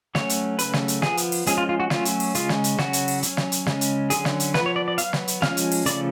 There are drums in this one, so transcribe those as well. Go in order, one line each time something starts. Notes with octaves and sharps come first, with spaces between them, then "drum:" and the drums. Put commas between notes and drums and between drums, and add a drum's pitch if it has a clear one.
F#3 A3 C#4 C#5, drum: snare
drum: hi-hat
C#3 F#3 A3 C#4 B4, drum: hi-hat
drum: snare
drum: hi-hat
F3 B3 G#4, drum: snare
drum: hi-hat
drum: open hi-hat
F3 G#3 C#4 G#4, drum: hi-hat
F4
F4
F#4
F#3 A3 C#4 F4, drum: snare
drum: hi-hat
drum: open hi-hat
C#3 G#3 C#4 F4, drum: hi-hat
drum: snare
drum: hi-hat
C#3 F#3 C#4 F#4, drum: snare
drum: hi-hat
drum: open hi-hat
F#3 C#4, drum: hi-hat
drum: snare
drum: hi-hat
C#3 G#3 C#4, drum: snare
drum: hi-hat
D3 F#3 C#4 G#4, drum: hi-hat
drum: snare
drum: hi-hat
F3 B3 B4, drum: snare
C#5
D5
D5
F#3 B3 F5, drum: hi-hat
drum: snare
drum: hi-hat
F3 G#3 C#4 F5, drum: snare
drum: hi-hat
drum: open hi-hat
C#3 F3 A3 C#4 D5, drum: hi-hat